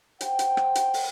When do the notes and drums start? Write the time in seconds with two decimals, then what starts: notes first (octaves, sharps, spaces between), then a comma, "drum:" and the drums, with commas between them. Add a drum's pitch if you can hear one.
0.21 C5 F#5 G5, drum: hi-hat
0.39 drum: hi-hat
0.57 drum: rim click
0.75 drum: hi-hat
0.94 drum: open hi-hat